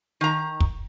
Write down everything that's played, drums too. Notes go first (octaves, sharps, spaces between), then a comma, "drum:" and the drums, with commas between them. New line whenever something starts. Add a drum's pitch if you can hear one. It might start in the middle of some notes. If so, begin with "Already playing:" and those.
D#3 A#5
drum: kick